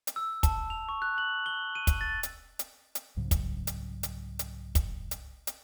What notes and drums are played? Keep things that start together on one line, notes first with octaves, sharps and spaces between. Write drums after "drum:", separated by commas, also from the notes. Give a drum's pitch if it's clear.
drum: hi-hat
E6
A5, drum: kick, hi-hat
F7
C#6
F#6
F#7
G7
D#7
drum: kick, hi-hat
A6
drum: hi-hat
drum: hi-hat
drum: hi-hat
C2 G#2 C#3 F#3
drum: kick, hi-hat
drum: hi-hat
drum: hi-hat
drum: hi-hat
drum: kick, hi-hat
drum: hi-hat
drum: hi-hat